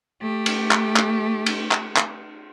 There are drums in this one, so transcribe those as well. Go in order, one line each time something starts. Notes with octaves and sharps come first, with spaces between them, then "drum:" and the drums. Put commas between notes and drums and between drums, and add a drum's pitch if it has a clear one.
A3 G4
drum: cymbal
drum: clap
drum: clap
drum: cymbal
drum: clap
drum: clap